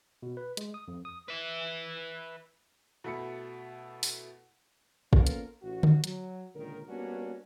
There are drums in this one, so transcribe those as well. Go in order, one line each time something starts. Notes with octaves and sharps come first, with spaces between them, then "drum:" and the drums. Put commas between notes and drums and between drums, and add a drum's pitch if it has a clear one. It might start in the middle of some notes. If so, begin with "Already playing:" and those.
B2
B4
G#3, drum: hi-hat
D#6
F2
D#6
B4 E5
B2 A3 E4 B5 C#7
drum: open hi-hat
A#3 B3 C#4 F4 A4 A#4, drum: kick
drum: hi-hat
A1 F#4
drum: tom D3
F#3, drum: hi-hat
C#2 A#2 D3 D#3 A#4
G3 A#3 B3 C#4 D4 F#4